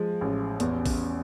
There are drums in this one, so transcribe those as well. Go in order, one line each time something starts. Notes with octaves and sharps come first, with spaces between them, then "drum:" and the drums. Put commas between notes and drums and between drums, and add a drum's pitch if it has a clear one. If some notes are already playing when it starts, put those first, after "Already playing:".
Already playing: F3 G#3
A1
E2, drum: hi-hat
drum: kick, open hi-hat